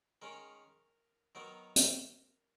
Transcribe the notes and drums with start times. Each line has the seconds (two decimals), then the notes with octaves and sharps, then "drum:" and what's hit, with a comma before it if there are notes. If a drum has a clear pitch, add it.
0.22 D#3 G#3 C#4 A#4
1.35 D#3 F#3 B3 A#4
1.76 drum: hi-hat